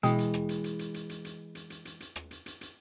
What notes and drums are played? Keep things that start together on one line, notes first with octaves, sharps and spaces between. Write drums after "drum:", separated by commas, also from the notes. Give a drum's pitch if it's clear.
B2 E3 G#3 G5 D#6, drum: hi-hat
drum: hi-hat
drum: rim click
drum: hi-hat
drum: hi-hat
drum: hi-hat
drum: hi-hat
drum: hi-hat
drum: hi-hat
drum: hi-hat
drum: hi-hat
drum: hi-hat
drum: hi-hat
drum: rim click
drum: hi-hat
drum: hi-hat
drum: hi-hat